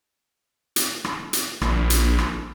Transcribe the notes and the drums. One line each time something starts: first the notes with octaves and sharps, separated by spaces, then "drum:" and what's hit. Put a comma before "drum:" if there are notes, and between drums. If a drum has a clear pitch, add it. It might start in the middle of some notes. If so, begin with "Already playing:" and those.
drum: hi-hat
drum: rim click
drum: hi-hat
A#1, drum: rim click
drum: hi-hat
drum: rim click